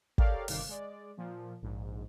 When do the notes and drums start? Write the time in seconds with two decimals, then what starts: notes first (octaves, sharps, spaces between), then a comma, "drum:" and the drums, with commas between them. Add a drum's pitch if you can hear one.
0.18 G4 A4 A#4 C#5 D5 F5, drum: kick
0.48 G1 C3 D#3 F5 D6, drum: open hi-hat
0.69 G#3 D5
1.17 A#2 F3
1.62 A#1 G#2